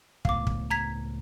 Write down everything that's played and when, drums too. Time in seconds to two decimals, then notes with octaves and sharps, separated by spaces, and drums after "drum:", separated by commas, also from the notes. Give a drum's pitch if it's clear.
0.25 C#2 A2 B3 F5 D6, drum: kick
0.47 drum: kick
0.71 A#5 G#6 B6